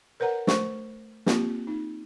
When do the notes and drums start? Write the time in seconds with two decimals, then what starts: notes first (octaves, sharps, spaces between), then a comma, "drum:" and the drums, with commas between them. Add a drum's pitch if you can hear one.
0.20 A#4 B4 C#5 F#5 A#5
0.47 A3 C5 C#6, drum: snare
1.26 A#3 C4 F4 G4, drum: snare
1.67 D#4